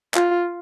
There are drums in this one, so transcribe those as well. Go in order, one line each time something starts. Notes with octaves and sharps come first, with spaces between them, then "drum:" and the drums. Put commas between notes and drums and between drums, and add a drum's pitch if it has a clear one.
F4, drum: clap